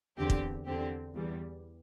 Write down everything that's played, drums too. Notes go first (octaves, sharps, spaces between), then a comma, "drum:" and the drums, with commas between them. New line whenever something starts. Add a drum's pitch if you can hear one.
E2 D3 C4 G4
drum: kick
E2 D3 C4 G4
E2 E3 G3